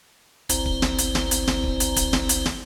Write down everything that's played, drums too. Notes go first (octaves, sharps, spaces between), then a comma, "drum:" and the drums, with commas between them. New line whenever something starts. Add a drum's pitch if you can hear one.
G1 C#2 C4 E4 C5 A#5, drum: hi-hat
drum: kick
drum: snare
drum: hi-hat
drum: snare
drum: hi-hat
drum: snare
drum: kick
drum: hi-hat
drum: kick, hi-hat
drum: snare
drum: hi-hat
drum: snare